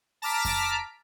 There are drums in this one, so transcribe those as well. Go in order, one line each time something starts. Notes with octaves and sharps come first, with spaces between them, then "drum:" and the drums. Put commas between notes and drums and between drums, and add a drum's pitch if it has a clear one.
A5 A#5 D6 F6 B6 D7
drum: kick F2, open hi-hat